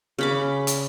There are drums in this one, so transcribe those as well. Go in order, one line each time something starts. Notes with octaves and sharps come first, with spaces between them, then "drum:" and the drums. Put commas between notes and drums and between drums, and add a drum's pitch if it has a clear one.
C#3 B5 D6
drum: hi-hat